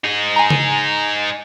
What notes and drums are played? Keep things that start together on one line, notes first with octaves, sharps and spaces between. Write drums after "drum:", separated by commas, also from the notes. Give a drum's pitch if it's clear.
D#4 G#4
G#5 A#5
drum: tom C#3